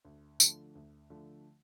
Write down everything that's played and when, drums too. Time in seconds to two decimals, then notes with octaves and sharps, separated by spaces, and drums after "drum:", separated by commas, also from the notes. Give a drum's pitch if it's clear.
0.05 D2
0.40 D3 F3 A3, drum: tambourine
0.75 D2
1.10 D3 F3 A3